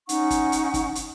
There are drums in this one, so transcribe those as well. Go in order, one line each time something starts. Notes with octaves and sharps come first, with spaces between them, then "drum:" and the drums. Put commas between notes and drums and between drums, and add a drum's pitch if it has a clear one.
C#4 D#4 F#5 C#6, drum: hi-hat
drum: kick, hi-hat
drum: hi-hat
drum: kick, hi-hat
drum: hi-hat